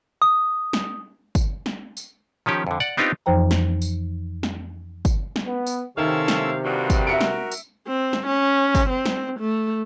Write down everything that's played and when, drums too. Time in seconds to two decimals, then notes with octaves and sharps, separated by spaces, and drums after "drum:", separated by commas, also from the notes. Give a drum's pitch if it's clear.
0.22 D#6
0.73 drum: snare
1.35 drum: kick, tambourine
1.66 drum: snare
1.97 drum: tambourine
2.46 D#3 F3 C#4 G4
2.67 F2 D3
2.80 D5 F#5
2.97 B3 C4 D4 D#4 F4 G4
3.26 F2 E3 F3 C5 G5 A#5
3.51 drum: snare
3.82 drum: tambourine
4.43 drum: snare
5.05 drum: kick, tambourine
5.36 drum: snare
5.45 B3
5.67 drum: tambourine
5.97 C3 D#3 C#4 E4 A4 F5 E6
6.28 drum: snare
6.65 G2 A#2 F#4
6.90 drum: kick, tambourine
7.07 F#4 A#4 E5 C#7 D7
7.21 drum: snare
7.51 drum: tambourine
7.87 C4
8.13 drum: snare
8.26 C#4
8.75 drum: kick, tambourine
8.89 C4
9.06 drum: snare
9.39 A3